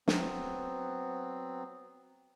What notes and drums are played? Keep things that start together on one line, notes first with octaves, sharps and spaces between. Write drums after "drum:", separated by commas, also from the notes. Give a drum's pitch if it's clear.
F#3 B3 C4, drum: snare